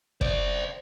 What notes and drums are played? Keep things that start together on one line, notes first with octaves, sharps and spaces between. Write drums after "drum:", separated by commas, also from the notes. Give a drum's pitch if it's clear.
C5 D5, drum: kick